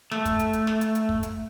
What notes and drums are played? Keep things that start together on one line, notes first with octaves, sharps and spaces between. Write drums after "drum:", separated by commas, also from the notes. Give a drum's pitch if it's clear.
A3, drum: snare
drum: kick, hi-hat
drum: hi-hat
drum: hi-hat
drum: snare
drum: hi-hat
drum: hi-hat
drum: kick
drum: hi-hat